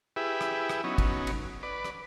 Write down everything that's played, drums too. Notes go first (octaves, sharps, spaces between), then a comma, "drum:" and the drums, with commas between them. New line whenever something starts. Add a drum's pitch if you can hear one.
E4 G4 G#4 B4 E5
drum: rim click
drum: rim click
F#3 B3 C#4 D#4
drum: kick, cymbal
drum: cymbal
B4 D5
drum: rim click